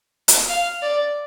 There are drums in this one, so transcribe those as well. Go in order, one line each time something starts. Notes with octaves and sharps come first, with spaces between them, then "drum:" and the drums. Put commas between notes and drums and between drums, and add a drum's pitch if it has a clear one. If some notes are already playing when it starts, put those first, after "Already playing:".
drum: hi-hat
F5
D5